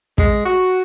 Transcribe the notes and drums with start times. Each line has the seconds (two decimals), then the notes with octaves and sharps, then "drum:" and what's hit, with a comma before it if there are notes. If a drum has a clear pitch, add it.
0.18 G#3, drum: kick
0.45 F#4